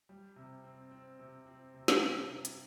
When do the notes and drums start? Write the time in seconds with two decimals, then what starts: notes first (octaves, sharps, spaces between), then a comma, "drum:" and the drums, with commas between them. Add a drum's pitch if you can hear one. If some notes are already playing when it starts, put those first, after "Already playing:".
0.09 G3
0.36 C3
0.64 C4
0.91 C4
1.19 C3
1.46 C4
1.74 C3
1.88 drum: snare
2.01 G3
2.28 C3
2.45 drum: hi-hat